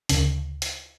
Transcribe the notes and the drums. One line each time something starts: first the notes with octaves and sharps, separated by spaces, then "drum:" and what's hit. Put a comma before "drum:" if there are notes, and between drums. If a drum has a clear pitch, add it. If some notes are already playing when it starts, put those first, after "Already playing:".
D2 C#3, drum: hi-hat
drum: hi-hat